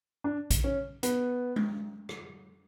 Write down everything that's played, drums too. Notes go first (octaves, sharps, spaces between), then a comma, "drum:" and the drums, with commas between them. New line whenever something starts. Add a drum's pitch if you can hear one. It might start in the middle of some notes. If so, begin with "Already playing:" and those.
D4
drum: kick A#1, hi-hat
C#4
B3, drum: hi-hat
drum: tom G#3
drum: rim click